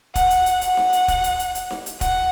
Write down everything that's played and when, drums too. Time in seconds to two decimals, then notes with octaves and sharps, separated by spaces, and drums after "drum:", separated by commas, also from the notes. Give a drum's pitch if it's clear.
0.15 F#5, drum: kick, hi-hat
0.30 drum: hi-hat
0.46 drum: hi-hat
0.61 F#5, drum: hi-hat
0.77 drum: snare D#4
0.93 drum: hi-hat
1.08 drum: kick, hi-hat
1.24 drum: hi-hat
1.39 drum: hi-hat
1.55 drum: hi-hat
1.70 drum: snare D#4
1.86 drum: hi-hat
2.01 F#5, drum: kick, hi-hat